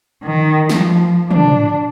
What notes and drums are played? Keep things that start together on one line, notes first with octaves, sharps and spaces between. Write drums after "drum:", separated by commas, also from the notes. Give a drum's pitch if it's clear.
D#3
F3, drum: snare
D4, drum: tom